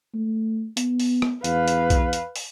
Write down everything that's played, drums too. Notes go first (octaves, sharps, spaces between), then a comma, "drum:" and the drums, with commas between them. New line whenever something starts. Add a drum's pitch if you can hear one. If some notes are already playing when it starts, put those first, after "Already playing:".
A3
B3, drum: hi-hat
drum: open hi-hat
drum: rim click
E2 B4 F5, drum: hi-hat
drum: hi-hat
drum: kick B1, hi-hat
drum: hi-hat
drum: open hi-hat